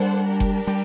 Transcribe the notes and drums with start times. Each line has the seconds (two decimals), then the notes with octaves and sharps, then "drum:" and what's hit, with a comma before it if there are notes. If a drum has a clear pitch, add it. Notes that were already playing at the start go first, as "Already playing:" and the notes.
Already playing: G3 A#3 D4 A4 C5 F#5
0.27 D4 G4 A#4
0.40 drum: kick F#1
0.67 G3